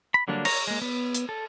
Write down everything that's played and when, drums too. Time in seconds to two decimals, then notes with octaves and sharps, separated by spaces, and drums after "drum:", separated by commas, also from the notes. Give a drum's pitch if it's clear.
0.14 B5
0.28 D3 F#3 G3 A#3 D4
0.45 C#5 A#5, drum: cymbal
0.67 G#3 A#3
0.82 B3
1.15 drum: hi-hat
1.29 A4